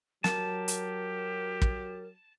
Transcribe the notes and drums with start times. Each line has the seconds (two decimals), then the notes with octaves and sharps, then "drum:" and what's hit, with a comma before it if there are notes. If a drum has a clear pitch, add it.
0.24 F#3 G4 A#4 A5, drum: snare
0.68 drum: hi-hat
1.62 drum: kick